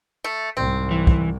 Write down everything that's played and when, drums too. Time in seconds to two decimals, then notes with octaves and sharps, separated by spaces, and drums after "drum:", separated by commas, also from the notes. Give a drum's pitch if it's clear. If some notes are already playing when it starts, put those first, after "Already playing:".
0.24 A3
0.57 C2 G#2 C4
0.91 E3
1.07 drum: kick